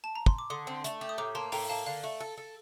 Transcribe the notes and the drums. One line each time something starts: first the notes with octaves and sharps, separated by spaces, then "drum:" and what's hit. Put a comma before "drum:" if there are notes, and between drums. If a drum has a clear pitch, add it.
A5
A#5
C6, drum: kick
D6
D3 C6 D#6
C4
A3, drum: hi-hat
G4
D#6
A2 A#5 D6
A#3 A5 C6
A2 G5 A#5, drum: open hi-hat
A#3 F5 A5
D3 F5
A3
A4
A4